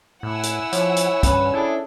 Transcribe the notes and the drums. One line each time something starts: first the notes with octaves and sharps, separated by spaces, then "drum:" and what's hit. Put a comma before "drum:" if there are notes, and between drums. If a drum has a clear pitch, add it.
A2 E4 F#5 G#5 E6
drum: hi-hat
F3 C#5, drum: hi-hat
drum: hi-hat
G2 C#4 B4, drum: kick, hi-hat
D4 E4 G#4 A4